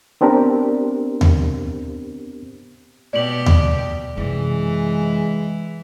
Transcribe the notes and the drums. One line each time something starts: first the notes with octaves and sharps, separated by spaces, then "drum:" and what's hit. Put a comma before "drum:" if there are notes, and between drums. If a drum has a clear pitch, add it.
B3 C4 D4 G4 A#4 C5
drum: tom D#2
B2 G4 D5 F#7
drum: tom D#2
F#2 C3 E3 G#3